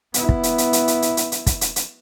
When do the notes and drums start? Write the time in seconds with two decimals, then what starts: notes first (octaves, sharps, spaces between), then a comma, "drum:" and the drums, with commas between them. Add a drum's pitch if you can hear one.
0.14 B3 E4, drum: hi-hat
0.29 drum: kick
0.43 drum: hi-hat
0.58 drum: hi-hat
0.73 drum: hi-hat
0.88 drum: hi-hat
1.02 drum: hi-hat
1.17 drum: hi-hat
1.32 drum: hi-hat
1.46 drum: kick, hi-hat
1.61 drum: hi-hat
1.76 drum: hi-hat